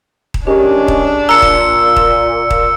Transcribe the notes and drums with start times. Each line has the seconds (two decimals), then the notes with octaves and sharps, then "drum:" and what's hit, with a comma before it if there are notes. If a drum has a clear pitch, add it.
0.34 drum: kick D#1
0.47 D#3 G#3 C#4 D4 G4
0.88 drum: kick D#1
1.29 A#2 A#5 E6 C#7
1.42 drum: kick D#1
1.96 drum: kick D#1
2.51 drum: kick D#1